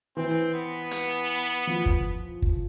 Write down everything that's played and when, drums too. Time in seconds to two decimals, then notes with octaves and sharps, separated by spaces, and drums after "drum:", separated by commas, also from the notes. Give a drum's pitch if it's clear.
0.16 E3 C4
0.54 B3
0.91 drum: hi-hat
1.67 F3
1.86 drum: kick
2.42 drum: kick